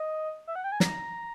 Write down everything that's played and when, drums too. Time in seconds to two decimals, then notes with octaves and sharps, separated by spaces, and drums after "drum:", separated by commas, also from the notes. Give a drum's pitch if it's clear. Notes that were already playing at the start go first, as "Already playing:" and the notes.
Already playing: D#5
0.47 E5
0.56 F#5
0.64 G5
0.72 G#5
0.80 A#5, drum: snare